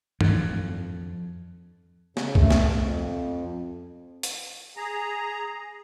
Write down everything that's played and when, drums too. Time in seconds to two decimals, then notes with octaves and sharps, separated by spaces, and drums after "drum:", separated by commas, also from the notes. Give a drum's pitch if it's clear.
0.21 F2, drum: tom G2
2.17 C#3, drum: snare
2.35 A3, drum: kick C2
2.51 drum: snare
2.79 F2
4.23 drum: hi-hat
4.77 G#4 A#5